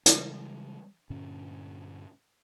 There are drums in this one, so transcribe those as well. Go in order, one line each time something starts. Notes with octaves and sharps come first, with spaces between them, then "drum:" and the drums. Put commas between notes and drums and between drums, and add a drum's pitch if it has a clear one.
C#3 E3 G3 G#3, drum: hi-hat
G2 A#2 D3 C#4